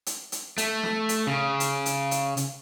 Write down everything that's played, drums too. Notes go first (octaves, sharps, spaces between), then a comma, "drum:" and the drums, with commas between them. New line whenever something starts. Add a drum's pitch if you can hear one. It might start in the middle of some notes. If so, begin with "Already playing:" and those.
drum: hi-hat
drum: hi-hat
A3, drum: hi-hat
drum: snare
drum: hi-hat
C#3
drum: hi-hat
drum: hi-hat
drum: hi-hat
drum: hi-hat